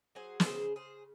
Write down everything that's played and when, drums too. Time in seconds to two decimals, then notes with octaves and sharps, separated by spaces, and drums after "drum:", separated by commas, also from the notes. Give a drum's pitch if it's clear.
0.15 F#3 G#4 C5
0.40 A#4, drum: snare
0.46 C#3 G#4 C5
0.76 C#3 G#4 C5